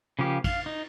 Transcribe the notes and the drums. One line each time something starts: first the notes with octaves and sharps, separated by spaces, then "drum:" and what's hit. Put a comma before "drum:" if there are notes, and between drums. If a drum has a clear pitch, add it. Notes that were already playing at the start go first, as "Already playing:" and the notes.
C#3 F3 A#3 G4
F5, drum: kick A1, cymbal
D#4